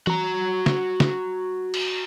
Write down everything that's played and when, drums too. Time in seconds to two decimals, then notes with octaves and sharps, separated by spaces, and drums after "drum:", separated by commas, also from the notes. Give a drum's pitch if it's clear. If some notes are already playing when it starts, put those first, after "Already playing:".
0.07 F#4 A#5, drum: tom E3
0.66 drum: snare
1.00 drum: snare
1.74 drum: cymbal